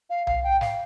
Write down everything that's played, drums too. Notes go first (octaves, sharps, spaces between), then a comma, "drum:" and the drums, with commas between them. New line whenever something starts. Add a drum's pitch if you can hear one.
F5
F5, drum: tom B1
G5
F5, drum: snare